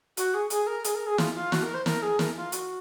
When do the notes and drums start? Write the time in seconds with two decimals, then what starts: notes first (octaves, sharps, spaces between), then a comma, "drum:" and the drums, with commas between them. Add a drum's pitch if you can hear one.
0.17 F#4, drum: hi-hat
0.34 G#4
0.50 G#4, drum: hi-hat
0.67 A#4
0.84 G#4, drum: hi-hat
0.95 A#4
1.06 G#4
1.18 F4, drum: snare
1.35 F4
1.52 F#4, drum: snare
1.63 A#4
1.74 C5
1.86 A#4, drum: snare
2.02 G#4
2.19 A#4, drum: snare
2.36 F4
2.52 F#4, drum: hi-hat